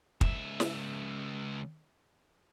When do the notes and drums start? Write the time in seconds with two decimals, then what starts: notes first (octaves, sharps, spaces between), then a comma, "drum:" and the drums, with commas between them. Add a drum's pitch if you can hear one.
0.21 C#2 E5, drum: kick
0.60 drum: snare